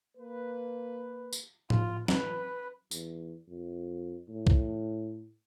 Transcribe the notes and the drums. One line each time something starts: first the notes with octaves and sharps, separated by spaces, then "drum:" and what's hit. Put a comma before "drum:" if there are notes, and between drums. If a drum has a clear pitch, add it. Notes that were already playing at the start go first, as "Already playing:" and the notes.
A#3 B4
drum: tambourine
F4, drum: tom A2
B4, drum: snare
E2, drum: tambourine
F2
A2
drum: kick C2